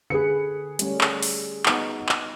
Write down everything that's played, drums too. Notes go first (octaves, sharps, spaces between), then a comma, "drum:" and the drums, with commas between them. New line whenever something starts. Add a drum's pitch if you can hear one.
D3 G#4 B4 C#7
G3 A3 C#4, drum: hi-hat
drum: clap
drum: open hi-hat
B3 D#4 F#4, drum: clap
drum: clap